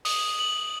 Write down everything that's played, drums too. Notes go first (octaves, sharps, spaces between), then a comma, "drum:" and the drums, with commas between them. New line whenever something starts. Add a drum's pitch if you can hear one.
D#6, drum: open hi-hat
F#7